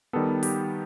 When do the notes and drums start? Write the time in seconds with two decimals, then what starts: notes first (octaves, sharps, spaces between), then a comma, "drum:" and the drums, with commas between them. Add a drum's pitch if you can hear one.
0.13 D#3 G3 B3 A4
0.43 G4, drum: open hi-hat